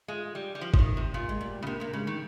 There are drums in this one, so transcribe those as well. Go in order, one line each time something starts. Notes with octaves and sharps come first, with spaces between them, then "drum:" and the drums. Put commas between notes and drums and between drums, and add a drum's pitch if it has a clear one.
G#3 F4
G3
G3
F3
F3, drum: kick F#1
D#3
C3
A#2 F4
G#3
G3
C#3
C3 A#3
C3 A#3
C#3 G#3
D#3